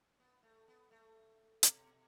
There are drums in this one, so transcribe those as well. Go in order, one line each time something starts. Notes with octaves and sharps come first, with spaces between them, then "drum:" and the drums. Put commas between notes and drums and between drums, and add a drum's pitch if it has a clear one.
B3
A3
B3
A3
B2, drum: hi-hat